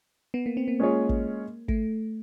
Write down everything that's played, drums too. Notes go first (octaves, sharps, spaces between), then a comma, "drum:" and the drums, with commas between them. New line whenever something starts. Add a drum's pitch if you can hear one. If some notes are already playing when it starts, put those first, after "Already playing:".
B3
A#3
C4
A#3
G#3 C#4 F4 G#4 C#5
drum: kick
A3, drum: kick